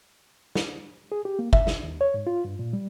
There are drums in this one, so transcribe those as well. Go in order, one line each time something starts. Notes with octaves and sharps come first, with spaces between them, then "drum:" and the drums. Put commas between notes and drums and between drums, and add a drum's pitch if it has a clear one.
drum: snare
G#4
G4
A#3
E5, drum: kick
C2, drum: snare
D#2
C#5
G#2
F4
G2
A#2
G3